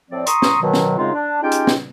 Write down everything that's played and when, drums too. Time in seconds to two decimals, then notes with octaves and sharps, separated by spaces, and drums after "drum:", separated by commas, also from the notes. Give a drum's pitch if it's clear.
0.10 A2 F3 C4 D5
0.27 A#5 C6 C#6 D#6, drum: hi-hat
0.42 drum: snare
0.62 B2 D#3 F#3
0.74 drum: snare
0.97 F#2 C#3 G#3 C4 D#4 F4
1.13 D4
1.42 G#3 C#4 D#4 F4 G4 G5
1.52 drum: hi-hat
1.67 drum: snare